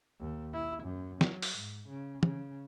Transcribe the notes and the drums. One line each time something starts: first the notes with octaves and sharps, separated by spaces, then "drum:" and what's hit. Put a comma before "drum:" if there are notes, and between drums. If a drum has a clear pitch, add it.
D#2
E4
F#2
F#3, drum: snare
drum: open hi-hat
G#2
C#3
C#3, drum: tom